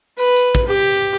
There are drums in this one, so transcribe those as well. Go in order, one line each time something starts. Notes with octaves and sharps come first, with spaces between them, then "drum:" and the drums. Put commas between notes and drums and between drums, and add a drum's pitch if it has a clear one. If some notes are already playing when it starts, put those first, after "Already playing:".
B4, drum: tambourine
drum: tambourine
drum: kick, tambourine
G4
drum: tambourine